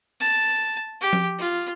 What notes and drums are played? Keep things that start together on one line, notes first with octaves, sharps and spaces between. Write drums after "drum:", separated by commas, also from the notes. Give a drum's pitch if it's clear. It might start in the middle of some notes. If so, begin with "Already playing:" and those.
A5
G4
drum: tom F3
F4